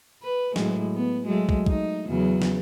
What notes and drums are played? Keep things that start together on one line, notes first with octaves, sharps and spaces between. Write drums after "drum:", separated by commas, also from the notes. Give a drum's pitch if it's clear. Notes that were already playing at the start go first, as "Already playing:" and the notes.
B4
A2 F#3 G#3, drum: snare
B3
F#3 G#3 A3
drum: kick
D#4, drum: kick
E2 C#3 F#3
drum: snare